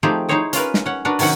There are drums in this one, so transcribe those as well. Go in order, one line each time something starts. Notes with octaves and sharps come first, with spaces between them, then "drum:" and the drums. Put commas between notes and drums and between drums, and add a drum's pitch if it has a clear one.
F3 A3 C4 D#4 G4 G#4
D#4 E4 G#4 C5 C#5 D#5
C#4 F4 A#4 B4, drum: hi-hat
drum: snare
C#4 F#5
D4 F#4 A#4 B4 F#5
C3 D#3 F#3 C#4 F#5, drum: open hi-hat